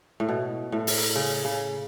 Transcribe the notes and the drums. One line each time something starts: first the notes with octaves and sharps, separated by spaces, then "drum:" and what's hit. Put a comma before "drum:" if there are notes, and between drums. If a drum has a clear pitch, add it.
A2
B2
A2
drum: open hi-hat
C#3
C#3